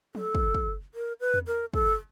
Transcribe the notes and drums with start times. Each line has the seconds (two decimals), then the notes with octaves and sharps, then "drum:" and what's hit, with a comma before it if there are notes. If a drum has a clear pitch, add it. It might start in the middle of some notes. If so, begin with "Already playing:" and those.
0.15 A4, drum: tom F3
0.35 drum: kick
0.54 drum: kick
0.94 A#4
1.20 B4
1.34 drum: tom E2
1.47 A#4
1.74 A4, drum: kick